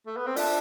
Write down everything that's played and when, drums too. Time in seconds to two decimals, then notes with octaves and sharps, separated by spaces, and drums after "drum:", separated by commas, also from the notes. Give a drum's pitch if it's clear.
0.06 A3
0.17 B3
0.26 C4
0.36 D4 F4 A4 E5 A5, drum: open hi-hat